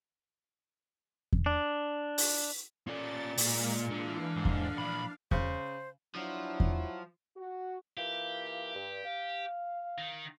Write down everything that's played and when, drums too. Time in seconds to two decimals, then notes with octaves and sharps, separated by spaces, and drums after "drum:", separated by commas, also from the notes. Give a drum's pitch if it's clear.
1.33 drum: kick E2
1.46 D4
2.18 drum: open hi-hat
2.87 C#4 F4 A4 D5 A6
3.38 A#2 G#3 A#3 F6, drum: open hi-hat
3.91 D3 E3 F5
4.36 G#2 D4 F5
4.45 drum: kick E2
4.78 A#2 F3 B5
5.31 C#3 C5, drum: kick E2
6.16 F3 F#3 D4 E4
6.60 drum: kick E2
7.36 F#4
7.97 E3 A#3 F4 G4
8.75 G2
9.04 F5
9.98 D#3